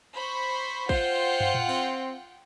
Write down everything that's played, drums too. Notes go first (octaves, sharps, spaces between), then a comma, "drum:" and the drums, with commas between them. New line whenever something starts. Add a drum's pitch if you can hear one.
C5 B5 C#6
F4 C5 F#5 G5, drum: kick
drum: tom
drum: tom A2
C4, drum: open hi-hat